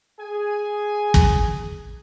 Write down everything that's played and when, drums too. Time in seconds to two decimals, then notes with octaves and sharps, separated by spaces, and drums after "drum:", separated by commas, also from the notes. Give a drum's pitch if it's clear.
0.20 G#4 G#5
1.14 drum: kick